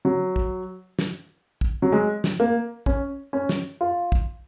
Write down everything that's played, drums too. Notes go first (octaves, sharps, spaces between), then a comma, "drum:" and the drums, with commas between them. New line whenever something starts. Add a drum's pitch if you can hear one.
F#3
drum: kick
drum: snare
drum: kick
F#3
G#3
drum: snare
A#3
C#4, drum: kick
C#4
drum: snare
F4
drum: kick